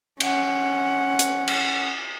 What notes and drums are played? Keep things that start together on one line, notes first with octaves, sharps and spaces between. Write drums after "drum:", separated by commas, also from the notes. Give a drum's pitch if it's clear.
C#4 F#5, drum: cymbal
drum: hi-hat
drum: cymbal